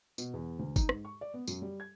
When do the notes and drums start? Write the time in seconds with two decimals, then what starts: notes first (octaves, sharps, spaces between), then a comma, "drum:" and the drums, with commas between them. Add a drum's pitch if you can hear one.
0.18 B2, drum: tambourine
0.34 E2
0.59 D2
0.76 D#4, drum: kick, tambourine
0.89 G#2, drum: rim click
1.05 C#6
1.21 D5
1.34 B3
1.48 F#2, drum: tambourine
1.62 G3
1.80 G#6